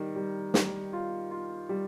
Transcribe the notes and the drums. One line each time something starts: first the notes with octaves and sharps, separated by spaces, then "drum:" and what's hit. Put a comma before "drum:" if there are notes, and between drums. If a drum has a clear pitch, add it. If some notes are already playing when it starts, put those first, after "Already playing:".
Already playing: D#3 G3
G3
G3, drum: snare
F4
F4
G3